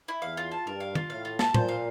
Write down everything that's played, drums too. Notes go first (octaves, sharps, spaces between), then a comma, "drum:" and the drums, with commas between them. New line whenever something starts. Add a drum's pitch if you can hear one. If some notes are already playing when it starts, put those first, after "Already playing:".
E4
E2 F5
F4
A5
G2 A#4
F5
F4, drum: tom
A2 F5
F4
A5, drum: snare
A#2 C5, drum: tom
F5